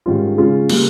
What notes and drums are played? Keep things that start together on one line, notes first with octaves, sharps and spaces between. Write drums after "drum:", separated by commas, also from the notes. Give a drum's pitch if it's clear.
G#2 D#3 G3 C#4 F4
C#3 G#3 C#4 F4
C#3 G3 A#3, drum: cymbal